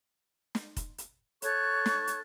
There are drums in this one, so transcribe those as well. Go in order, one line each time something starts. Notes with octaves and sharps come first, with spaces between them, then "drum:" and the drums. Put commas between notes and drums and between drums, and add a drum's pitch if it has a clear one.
drum: snare
drum: kick F1, hi-hat
drum: hi-hat
A4 C#5 C#6 F#6, drum: hi-hat
drum: snare
drum: hi-hat